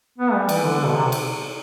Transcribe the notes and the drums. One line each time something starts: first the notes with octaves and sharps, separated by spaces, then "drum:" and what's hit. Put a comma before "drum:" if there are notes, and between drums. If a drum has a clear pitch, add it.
B3
G3
E3, drum: cymbal
D3
B2
C3
drum: cymbal